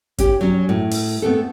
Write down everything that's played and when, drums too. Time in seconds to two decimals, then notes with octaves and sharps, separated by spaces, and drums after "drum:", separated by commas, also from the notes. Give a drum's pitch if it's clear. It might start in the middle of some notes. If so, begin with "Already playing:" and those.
0.18 C#4 G4, drum: kick, hi-hat
0.41 F#3 C#4
0.69 A2
0.91 drum: open hi-hat
1.22 A3 B3 C4 A4